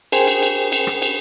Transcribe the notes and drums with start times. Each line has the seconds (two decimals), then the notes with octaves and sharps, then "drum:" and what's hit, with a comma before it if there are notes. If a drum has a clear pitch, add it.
0.12 G#4 A#4 C5 G5 G#5, drum: cymbal
0.27 drum: cymbal
0.42 drum: cymbal
0.72 drum: cymbal
0.87 drum: rim click
1.02 drum: cymbal